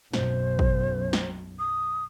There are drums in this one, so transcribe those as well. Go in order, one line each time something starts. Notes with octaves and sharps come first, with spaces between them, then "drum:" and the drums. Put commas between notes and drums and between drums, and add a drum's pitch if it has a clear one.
B1 F#2 C5, drum: snare
drum: kick
drum: snare
D#6